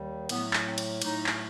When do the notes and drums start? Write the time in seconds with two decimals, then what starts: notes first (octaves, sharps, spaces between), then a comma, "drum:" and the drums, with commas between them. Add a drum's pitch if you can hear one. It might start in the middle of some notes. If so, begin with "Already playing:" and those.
Already playing: D#2 D#3 G3
0.29 A2 F#3 A3 B3, drum: cymbal
0.53 drum: clap
0.66 C4
0.78 drum: cymbal
1.02 A2 F#3 A3 D#4, drum: cymbal
1.26 drum: clap